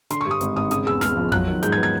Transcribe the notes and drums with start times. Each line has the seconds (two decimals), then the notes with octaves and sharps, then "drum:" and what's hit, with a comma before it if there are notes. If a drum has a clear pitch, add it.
0.10 D3 C6, drum: hi-hat
0.21 C#6
0.26 G2
0.31 D#6
0.41 G#1, drum: hi-hat
0.56 G#1 D#6
0.71 C#3 D#6, drum: hi-hat
0.87 E2 E6
1.01 E1 F6, drum: snare
1.17 F3
1.32 F#3 F#6, drum: tom F2
1.48 D#3
1.63 G#2 G6, drum: hi-hat
1.72 G#6
1.78 B3
1.83 G#6